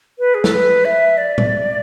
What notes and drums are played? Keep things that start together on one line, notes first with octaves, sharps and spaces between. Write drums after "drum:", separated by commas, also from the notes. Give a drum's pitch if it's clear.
B4
G#4
A4, drum: snare
B4
E5
D5
drum: tom A2